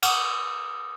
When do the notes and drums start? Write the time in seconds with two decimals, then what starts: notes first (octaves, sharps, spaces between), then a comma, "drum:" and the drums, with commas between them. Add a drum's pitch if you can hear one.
0.03 F#5 D6 D#6, drum: cymbal